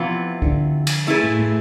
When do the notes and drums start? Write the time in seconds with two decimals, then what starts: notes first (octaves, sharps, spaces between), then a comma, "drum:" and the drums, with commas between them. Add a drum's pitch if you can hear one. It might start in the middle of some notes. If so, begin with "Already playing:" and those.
Already playing: C3 E3 F3 B3 F4
0.42 D3, drum: kick
0.87 drum: cymbal
1.07 A3 E4 G#4 B4
1.23 A2
1.39 A2